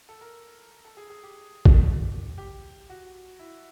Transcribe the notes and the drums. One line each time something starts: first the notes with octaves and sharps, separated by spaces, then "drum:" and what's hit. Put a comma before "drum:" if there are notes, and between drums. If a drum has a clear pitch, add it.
A4
A#4
A4
G#4
G#4
G4
drum: kick
G4
F#4
E4